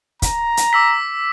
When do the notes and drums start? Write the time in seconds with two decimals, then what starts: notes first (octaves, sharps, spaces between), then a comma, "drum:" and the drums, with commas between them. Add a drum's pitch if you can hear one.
0.22 A#5, drum: kick, hi-hat
0.57 drum: hi-hat
0.73 D6 E6 B6